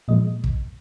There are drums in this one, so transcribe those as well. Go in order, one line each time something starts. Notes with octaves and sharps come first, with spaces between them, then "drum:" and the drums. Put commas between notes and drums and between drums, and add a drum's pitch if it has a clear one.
A#2 F3 G#3 D#5
drum: kick